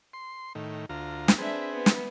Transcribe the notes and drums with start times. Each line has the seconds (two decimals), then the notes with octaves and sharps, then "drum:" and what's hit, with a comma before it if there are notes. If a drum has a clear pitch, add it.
0.13 C6
0.55 A2 D#3
0.89 D2 F4 A#5
1.28 drum: snare
1.38 C4 D4 G#4 B4 E5
1.73 B3
1.86 drum: snare